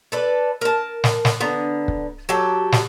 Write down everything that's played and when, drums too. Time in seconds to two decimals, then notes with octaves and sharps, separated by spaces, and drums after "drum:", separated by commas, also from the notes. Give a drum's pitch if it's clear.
0.12 A4 B4 D5
0.61 A#4 A5
1.04 drum: snare
1.25 drum: snare
1.40 D3 B3 A#5
1.88 drum: kick
2.29 F#3 G4 A4
2.72 drum: snare